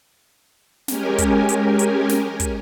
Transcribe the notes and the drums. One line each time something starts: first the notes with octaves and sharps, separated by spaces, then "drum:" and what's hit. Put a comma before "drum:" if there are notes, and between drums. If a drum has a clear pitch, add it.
G#3 C#4 G4 A#4 G#5, drum: snare
drum: kick, hi-hat
drum: hi-hat
drum: hi-hat
drum: snare
drum: kick, hi-hat